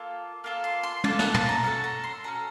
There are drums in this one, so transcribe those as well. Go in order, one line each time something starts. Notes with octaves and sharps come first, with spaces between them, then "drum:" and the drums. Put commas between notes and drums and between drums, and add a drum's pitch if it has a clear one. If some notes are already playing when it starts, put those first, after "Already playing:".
Already playing: A#3 F4 A4
A#3 F4 A4
C6
C6
A#3 F4 A4 A5, drum: tom
F#5, drum: snare
A5, drum: tom
A#5
C#4 F#4 A4 A5
A#5
C6
C#4 F#4 A4 A#5